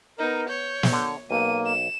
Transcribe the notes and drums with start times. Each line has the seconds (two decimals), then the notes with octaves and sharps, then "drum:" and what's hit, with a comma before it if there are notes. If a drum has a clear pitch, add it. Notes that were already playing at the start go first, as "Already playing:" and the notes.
0.19 B3 D#4 A#4
0.49 C#5 G6
0.83 drum: snare
0.92 D3
1.31 B1 A#3 D#7
1.66 E7